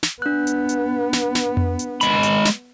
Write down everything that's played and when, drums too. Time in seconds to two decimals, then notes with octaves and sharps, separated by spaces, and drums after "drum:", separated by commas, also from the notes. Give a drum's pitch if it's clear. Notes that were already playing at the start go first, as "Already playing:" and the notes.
0.03 drum: snare
0.22 B3 D4 F#6
0.47 drum: hi-hat
0.69 drum: hi-hat
1.13 drum: snare
1.35 drum: snare
1.57 drum: tom F2
1.79 drum: hi-hat
2.01 G#3 B5, drum: hi-hat
2.23 drum: hi-hat
2.45 drum: snare